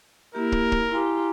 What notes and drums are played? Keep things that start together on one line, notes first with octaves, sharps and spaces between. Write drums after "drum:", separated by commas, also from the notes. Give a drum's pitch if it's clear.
A#3 E4 G4 A#4
drum: kick
drum: kick
E4 F4 G4 G#5 A#5